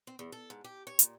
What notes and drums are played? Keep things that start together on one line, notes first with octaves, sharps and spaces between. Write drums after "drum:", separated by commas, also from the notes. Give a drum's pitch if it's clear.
C4
E2
A4
G#2
G4
C#5
A#2, drum: hi-hat